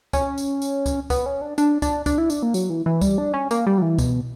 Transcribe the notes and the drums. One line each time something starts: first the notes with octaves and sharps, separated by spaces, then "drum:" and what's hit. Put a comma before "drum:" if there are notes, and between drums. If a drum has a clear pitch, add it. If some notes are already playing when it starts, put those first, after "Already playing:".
C#4, drum: kick C#2, tambourine
drum: tambourine
drum: tambourine
drum: kick C#2, tambourine
B3, drum: kick C#2, tambourine
C#4
D4
D4, drum: tambourine
D4, drum: kick C#2, tambourine
D4, drum: kick C#2, tambourine
E4
D4, drum: tambourine
A#3
F#3, drum: tambourine
E3
E3
G3, drum: kick C#2, tambourine
D4
C#4
A#3, drum: tambourine
G3
F#3
E3
B2, drum: kick C#2, tambourine